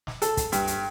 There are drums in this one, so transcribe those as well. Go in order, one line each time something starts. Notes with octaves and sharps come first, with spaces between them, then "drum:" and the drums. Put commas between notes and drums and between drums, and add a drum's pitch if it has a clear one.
drum: snare
A4, drum: hi-hat
drum: kick, hi-hat
G2, drum: hi-hat
drum: hi-hat